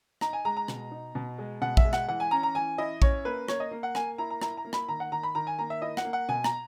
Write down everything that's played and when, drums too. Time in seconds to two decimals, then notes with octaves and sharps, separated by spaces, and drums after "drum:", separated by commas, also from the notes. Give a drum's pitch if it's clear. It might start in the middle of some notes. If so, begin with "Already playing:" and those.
0.21 D#4 A#5, drum: rim click
0.33 G#5
0.45 G#3 A#5
0.57 A#5
0.68 B2, drum: rim click
0.91 D#4
1.15 B2
1.38 G#3
1.62 B2 F#5
1.77 E5, drum: kick A#1
1.85 G#3
1.93 F#5, drum: rim click
2.08 E3 F#5
2.20 G#5
2.31 C#4 A#5
2.43 A#5
2.55 E3 G#5
2.78 E4 D#5
3.02 C#4 C#5, drum: kick A#1
3.25 A#3 B4
3.48 A#3 C#5, drum: rim click
3.60 D#5
3.71 A#3
3.83 F#5
3.95 A#3 G#5, drum: rim click
4.18 E4 A#5
4.30 A#5
4.42 E4 A#5, drum: rim click
4.57 A#5
4.65 A#3
4.73 B5, drum: rim click
4.88 D#3 A#5
5.00 F#5
5.12 D#3 A#5
5.23 B5
5.35 D#3 A#5
5.47 G#5
5.59 A#3 A#5
5.70 E5
5.82 E4 D#5
5.97 F#5, drum: rim click
6.05 A#3
6.13 F#5
6.29 B2 G#5
6.44 A#5, drum: rim click